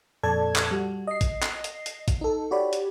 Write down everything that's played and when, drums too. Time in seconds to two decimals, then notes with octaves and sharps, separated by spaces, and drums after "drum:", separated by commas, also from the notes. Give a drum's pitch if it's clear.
0.23 F2 A#2 A4 D5 A5 G#6
0.56 drum: clap
0.71 G3 F#4
1.07 D#5 C7
1.21 drum: kick A1, hi-hat
1.43 drum: clap
1.64 drum: hi-hat
1.86 drum: hi-hat
2.08 drum: kick A1, hi-hat
2.21 D#4 A4
2.51 F#4 G4 C#5 D5 B5
2.73 drum: hi-hat